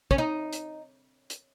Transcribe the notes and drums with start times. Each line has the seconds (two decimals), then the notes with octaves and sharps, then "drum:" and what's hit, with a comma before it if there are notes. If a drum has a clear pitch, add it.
0.11 C#4, drum: kick
0.18 D#4
0.53 drum: hi-hat
1.30 drum: hi-hat